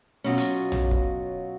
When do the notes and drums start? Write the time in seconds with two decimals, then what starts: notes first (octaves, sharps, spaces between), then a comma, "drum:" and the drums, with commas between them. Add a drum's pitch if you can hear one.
0.24 B2 F#3 C#4 F4
0.38 drum: hi-hat
0.72 drum: tom
0.91 drum: kick